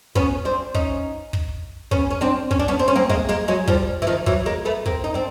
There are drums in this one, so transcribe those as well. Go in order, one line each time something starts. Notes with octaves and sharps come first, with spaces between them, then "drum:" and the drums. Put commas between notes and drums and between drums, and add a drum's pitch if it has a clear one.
B3 C#4, drum: kick
C4 D4
C#4 D#4, drum: kick
drum: kick
B3 C#4, drum: kick
C#4
C4 D4
C#4, drum: kick
D4
B3 C#4
C4
C#4
A#3 C4
G#3 A#3, drum: kick
G#3 A#3
F#3 G#3
F3 G3, drum: kick
E3
D#3 F3
E3 F#3, drum: kick
G#3 A#3
A3 B3
A#3 C4, drum: kick
D#4
C4 D4